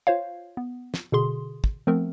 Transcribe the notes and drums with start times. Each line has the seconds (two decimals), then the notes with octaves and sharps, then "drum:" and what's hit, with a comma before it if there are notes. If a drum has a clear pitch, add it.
0.07 F4 C5 C#5 F5
0.57 B3
0.94 drum: snare
1.12 B2 D3 G#4 C6
1.64 drum: kick
1.87 F3 A3 B3 C4 A#4